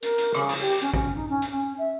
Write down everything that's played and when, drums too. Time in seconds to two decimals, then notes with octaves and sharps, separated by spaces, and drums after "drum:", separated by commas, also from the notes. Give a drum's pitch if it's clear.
0.02 A#4, drum: hi-hat
0.18 drum: hi-hat
0.34 C#3, drum: rim click
0.49 drum: open hi-hat
0.61 G4
0.81 C#4, drum: hi-hat
0.94 C#4, drum: kick
1.16 D#4
1.30 C#4
1.42 drum: hi-hat
1.51 C#4
1.78 E5